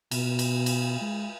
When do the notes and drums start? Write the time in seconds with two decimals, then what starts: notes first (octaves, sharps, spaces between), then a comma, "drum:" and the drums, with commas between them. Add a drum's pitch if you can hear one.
0.11 B2, drum: cymbal
0.39 drum: cymbal
0.66 drum: cymbal
1.01 G#3